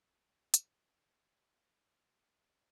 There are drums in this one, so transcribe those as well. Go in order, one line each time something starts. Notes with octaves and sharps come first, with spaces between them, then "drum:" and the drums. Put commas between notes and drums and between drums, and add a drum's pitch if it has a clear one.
A#1 C4 F#4 A4 B4 E6
drum: hi-hat
C#3 G#3
D7
C#5 D#5 F#5 A5 D6 D#6
D2 D#5